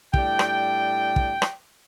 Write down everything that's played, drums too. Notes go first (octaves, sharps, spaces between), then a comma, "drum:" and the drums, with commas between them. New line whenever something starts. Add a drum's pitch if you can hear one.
A2 G3 D4 G5, drum: kick
drum: rim click
drum: kick
drum: rim click